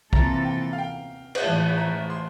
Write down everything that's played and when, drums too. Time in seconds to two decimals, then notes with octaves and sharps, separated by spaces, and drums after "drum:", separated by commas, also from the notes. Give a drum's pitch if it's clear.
0.13 C3 E3 A#3 F4 A4 A#5, drum: kick A#1
0.45 G5
0.73 F5
0.78 G5
1.35 drum: cymbal
1.44 A2 E3 A3 A5
1.77 A#5
2.10 C6